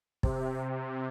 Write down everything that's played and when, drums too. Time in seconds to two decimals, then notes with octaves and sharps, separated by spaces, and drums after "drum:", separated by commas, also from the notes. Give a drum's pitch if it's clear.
0.23 C3, drum: kick